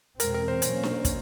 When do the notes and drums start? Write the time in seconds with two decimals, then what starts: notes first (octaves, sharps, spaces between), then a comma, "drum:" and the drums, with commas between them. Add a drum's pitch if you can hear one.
0.20 E2 B2 G#3 C4 A#4, drum: hi-hat
0.34 A#4
0.48 C5
0.62 B2 F#3 A#3 C#4, drum: hi-hat
0.83 drum: snare D4
1.05 drum: kick, hi-hat